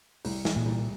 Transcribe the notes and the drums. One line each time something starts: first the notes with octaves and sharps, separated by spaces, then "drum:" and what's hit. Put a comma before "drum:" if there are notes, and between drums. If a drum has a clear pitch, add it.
C2, drum: open hi-hat
E3, drum: snare
A#2
C2